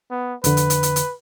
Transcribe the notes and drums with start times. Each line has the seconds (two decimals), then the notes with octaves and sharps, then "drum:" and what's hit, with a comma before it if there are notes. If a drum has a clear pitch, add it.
0.11 B3
0.44 F2 D3 B4, drum: hi-hat
0.57 drum: hi-hat
0.70 drum: hi-hat
0.83 drum: hi-hat
0.96 drum: hi-hat